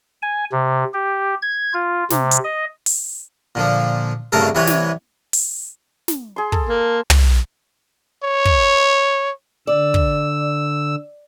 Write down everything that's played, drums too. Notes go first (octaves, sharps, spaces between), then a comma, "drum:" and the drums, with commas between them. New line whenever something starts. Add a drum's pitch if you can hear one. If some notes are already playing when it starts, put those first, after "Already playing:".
G#5
C3
G4
G#6
F4
C3, drum: snare
drum: hi-hat
D#5
drum: open hi-hat
A#2 D3 F3
C2 G2 C#3 A3 A4 A#4
C2 C3 E3 B4 C#5
drum: snare
drum: open hi-hat
drum: snare
G#4 C6
A4, drum: kick
A#3
drum: tom
C#5
drum: kick
D3 D5 E6
drum: kick